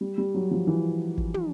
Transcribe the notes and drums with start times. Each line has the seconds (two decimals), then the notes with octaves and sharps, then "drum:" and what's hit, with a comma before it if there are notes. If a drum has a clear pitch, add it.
0.01 G3
0.18 G3
0.34 F#3
0.51 F3
0.67 E3
1.18 drum: kick
1.34 drum: tom